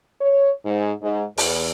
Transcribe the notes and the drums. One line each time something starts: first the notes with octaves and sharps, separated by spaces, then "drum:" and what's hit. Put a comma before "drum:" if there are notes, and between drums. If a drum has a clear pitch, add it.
C#5
G#2
G#2
E2, drum: open hi-hat